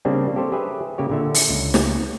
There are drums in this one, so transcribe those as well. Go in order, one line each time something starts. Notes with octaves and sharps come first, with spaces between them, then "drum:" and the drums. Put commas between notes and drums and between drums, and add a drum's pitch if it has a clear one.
C#3 G3 A#3 C4 D4 G4
G4 A4 C5 C#5
G4 G#4 B4 E5
C#3 A#3 G4 C#5
A#2 D3 E5
drum: open hi-hat
C#2
drum: snare